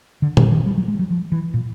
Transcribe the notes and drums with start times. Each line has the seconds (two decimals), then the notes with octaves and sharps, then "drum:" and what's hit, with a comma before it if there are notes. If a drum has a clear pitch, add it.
0.22 D3
0.37 D#3, drum: tom A#2
0.52 D#3
0.66 G3
0.78 F#3
0.88 G#3
0.99 F#3
1.10 F3
1.32 E3
1.54 A#2